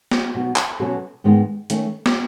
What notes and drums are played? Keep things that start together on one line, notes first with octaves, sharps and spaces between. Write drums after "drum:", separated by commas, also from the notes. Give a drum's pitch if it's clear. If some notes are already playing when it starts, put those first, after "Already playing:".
drum: snare
B2 F#3 B3 D#4
drum: clap
B2 F#3 C#4 F#4 A4
G#2 D#3 G#3 B3 D#4
D#3 A3 C#4, drum: hi-hat
drum: snare